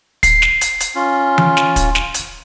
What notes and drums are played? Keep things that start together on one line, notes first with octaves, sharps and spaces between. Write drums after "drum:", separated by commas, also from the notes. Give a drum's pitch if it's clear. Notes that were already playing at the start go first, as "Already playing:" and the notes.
C7, drum: kick, hi-hat
drum: snare
drum: hi-hat
drum: hi-hat
C#4 F4
drum: tom E3
drum: snare
drum: kick, hi-hat
drum: snare
drum: hi-hat